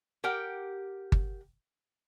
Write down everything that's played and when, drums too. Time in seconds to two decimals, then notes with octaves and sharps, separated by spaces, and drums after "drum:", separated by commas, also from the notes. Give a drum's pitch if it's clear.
0.24 G4 A#4 F#5 G5
1.12 drum: kick G1